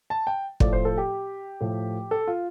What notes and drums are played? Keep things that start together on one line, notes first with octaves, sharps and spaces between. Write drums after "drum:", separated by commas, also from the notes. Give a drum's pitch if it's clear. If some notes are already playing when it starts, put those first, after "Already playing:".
A5
G5
A2 F3 A3 D5, drum: kick
C5
A4
G4
A2 F3 A3
A4
F4